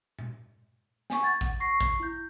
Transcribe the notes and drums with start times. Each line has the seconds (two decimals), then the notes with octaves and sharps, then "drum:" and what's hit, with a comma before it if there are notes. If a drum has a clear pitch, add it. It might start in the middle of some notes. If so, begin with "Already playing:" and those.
0.19 drum: tom A#2
1.10 G#5 C#6, drum: snare
1.22 F#5 G#6 A6
1.41 F#5, drum: kick A1
1.60 C#6 A#6 C7
1.81 drum: kick A1
2.00 E4 G6